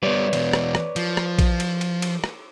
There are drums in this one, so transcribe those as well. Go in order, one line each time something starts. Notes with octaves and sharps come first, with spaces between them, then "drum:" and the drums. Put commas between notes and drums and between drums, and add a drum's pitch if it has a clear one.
G3 B3 B4 C#5 D5
E2 B2, drum: cymbal
drum: rim click
drum: rim click
F3, drum: cymbal
drum: rim click
drum: kick A#1, cymbal
drum: cymbal
drum: cymbal
drum: cymbal
drum: rim click